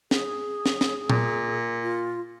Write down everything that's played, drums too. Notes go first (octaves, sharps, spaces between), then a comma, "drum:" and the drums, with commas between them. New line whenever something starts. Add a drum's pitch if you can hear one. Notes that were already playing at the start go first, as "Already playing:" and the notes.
G#4, drum: snare
drum: snare
drum: snare
A#2, drum: tom A#2
F4